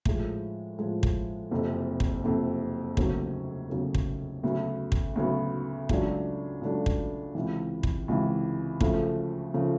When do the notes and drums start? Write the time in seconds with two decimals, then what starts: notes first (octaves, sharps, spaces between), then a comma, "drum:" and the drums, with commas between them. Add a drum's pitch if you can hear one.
0.05 A2 F3 G#3, drum: kick
0.79 A2 F3 G#3
1.03 drum: kick
1.51 F#1 F2 C3
2.00 drum: kick
2.24 F#1 F2 C3
2.97 F1 E2 C#3 F#3 A#3, drum: kick
3.70 F1 E2 C#3 F#3 A#3
3.95 drum: kick
4.43 D2 C#3 F#3 B3
4.92 drum: kick
5.16 D2 C#3 F#3 B3
5.89 C#2 C#3 F#3 A3 D4, drum: kick
6.61 C#2 C#3 F#3 A3 D4
6.86 drum: kick
7.35 C#2 C3 E3
7.83 drum: kick
8.08 C#2 C3 E3
8.81 D2 C#3 F3 A3, drum: kick
9.54 C#3 F3 A3